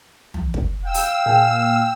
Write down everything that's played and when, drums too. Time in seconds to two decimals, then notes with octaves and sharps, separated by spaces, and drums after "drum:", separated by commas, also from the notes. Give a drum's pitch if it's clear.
0.34 drum: tom
0.54 drum: kick
0.85 F5 G5 E6
0.94 drum: open hi-hat
1.26 A#2 G5 G#5